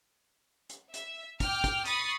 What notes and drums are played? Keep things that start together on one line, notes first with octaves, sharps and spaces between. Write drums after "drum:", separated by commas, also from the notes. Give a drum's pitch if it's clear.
drum: hi-hat
E5, drum: hi-hat
G5 D6 F6, drum: kick, hi-hat
drum: kick, hi-hat
B5 C#6 D#6 A6 C7, drum: hi-hat